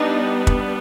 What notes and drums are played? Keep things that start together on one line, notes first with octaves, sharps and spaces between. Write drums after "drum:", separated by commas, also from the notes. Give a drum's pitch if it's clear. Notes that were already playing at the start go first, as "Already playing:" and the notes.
Already playing: G3 B3 D4 D#4
drum: kick